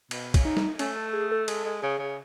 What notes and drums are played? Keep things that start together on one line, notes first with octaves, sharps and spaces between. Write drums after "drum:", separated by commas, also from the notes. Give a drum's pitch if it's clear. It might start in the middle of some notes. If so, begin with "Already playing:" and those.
B2, drum: cymbal
C#3, drum: kick, cymbal
D#4
drum: snare
A3 C#4, drum: cymbal
A4
G#4
A4
G#3 A4, drum: cymbal
G#3
C#3 G#4
C#3